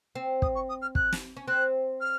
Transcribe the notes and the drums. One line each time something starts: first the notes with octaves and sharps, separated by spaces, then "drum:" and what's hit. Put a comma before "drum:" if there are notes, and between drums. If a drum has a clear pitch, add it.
C4
D#6, drum: kick
C#6
D#6
F6
F#6, drum: kick
drum: snare
C#4
C4 F#6
F6